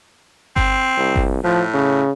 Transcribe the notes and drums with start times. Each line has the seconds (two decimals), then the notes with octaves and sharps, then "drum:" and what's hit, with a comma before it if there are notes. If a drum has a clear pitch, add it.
0.56 C4, drum: kick G1
0.97 C2
1.16 drum: kick G1
1.44 A2 F3
1.74 C#3